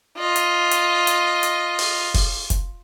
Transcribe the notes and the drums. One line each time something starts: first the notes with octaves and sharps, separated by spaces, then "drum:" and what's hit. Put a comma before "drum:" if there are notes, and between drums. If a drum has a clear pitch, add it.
F4 D#5
drum: hi-hat
drum: hi-hat
drum: hi-hat
drum: hi-hat
drum: open hi-hat
drum: kick F1, open hi-hat
drum: kick F1, hi-hat